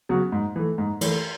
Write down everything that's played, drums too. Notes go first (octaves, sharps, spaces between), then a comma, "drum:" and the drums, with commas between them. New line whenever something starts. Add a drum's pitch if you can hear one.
C#3 F#3 B3 F#4
G#2
E3 A3
G#2
E3 A3, drum: cymbal